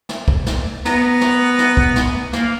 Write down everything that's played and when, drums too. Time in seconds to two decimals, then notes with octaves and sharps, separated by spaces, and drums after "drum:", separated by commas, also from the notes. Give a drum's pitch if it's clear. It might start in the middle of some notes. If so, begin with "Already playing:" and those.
0.09 drum: snare
0.28 drum: kick
0.46 drum: snare
0.85 B3 A#5, drum: snare
1.21 drum: snare
1.58 drum: snare
1.77 drum: kick
1.96 drum: snare
2.33 A#3, drum: snare